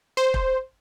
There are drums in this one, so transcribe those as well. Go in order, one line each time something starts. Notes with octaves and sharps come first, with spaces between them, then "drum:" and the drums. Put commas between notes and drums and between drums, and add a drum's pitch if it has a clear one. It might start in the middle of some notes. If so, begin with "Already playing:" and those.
C5
drum: kick